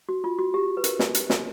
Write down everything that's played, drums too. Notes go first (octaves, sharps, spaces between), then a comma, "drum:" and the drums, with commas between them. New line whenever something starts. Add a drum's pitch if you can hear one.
F#4
F4
F#4
G4
B4
A#4, drum: hi-hat
drum: snare
drum: hi-hat
drum: snare